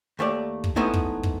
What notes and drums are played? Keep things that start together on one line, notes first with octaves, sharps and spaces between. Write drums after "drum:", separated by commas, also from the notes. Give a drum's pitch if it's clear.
D#2 A3 G4 D5
drum: kick
E2 G#2 A3 B3 D#4 E4
drum: kick
drum: kick